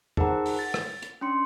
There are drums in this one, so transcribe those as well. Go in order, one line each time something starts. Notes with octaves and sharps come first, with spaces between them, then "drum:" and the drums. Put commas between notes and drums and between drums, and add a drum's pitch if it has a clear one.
D#4 G#4 A#4 C5 F#5 A#5, drum: tom E2
drum: open hi-hat
A6
drum: rim click
drum: hi-hat
C#4 D4 C6 C#7